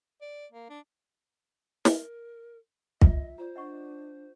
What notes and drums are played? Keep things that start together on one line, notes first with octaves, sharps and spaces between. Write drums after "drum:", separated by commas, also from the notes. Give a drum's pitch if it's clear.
D5
A#3
D4
A#4, drum: snare
F4 D#5 E5, drum: kick
F4 C5 D5
D4 D#5 F#5 C#6